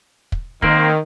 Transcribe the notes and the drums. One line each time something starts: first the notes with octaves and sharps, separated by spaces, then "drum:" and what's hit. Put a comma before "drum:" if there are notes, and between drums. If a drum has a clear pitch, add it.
drum: kick
D#3 A#3 C4, drum: kick